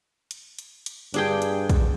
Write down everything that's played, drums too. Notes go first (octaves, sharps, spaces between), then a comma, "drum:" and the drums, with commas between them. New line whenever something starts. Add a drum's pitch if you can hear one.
drum: hi-hat
drum: hi-hat
drum: hi-hat
G2 D4 G#4 G5, drum: hi-hat
drum: hi-hat
drum: kick, hi-hat